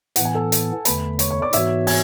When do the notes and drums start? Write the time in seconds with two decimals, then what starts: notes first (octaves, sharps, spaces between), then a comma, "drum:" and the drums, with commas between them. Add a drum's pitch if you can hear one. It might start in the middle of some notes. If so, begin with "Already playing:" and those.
0.16 A2 E3 B3 F#5, drum: hi-hat
0.25 G#5
0.35 A4 A5
0.52 drum: hi-hat
0.85 E2 D3 A3 B4 B5, drum: hi-hat
1.19 C#5 C#6, drum: hi-hat
1.30 C#5 C#6
1.42 D5 D6
1.53 G#2 E3 B3 F#4 C#5 E5 E6, drum: hi-hat
1.87 G#5 G#6, drum: open hi-hat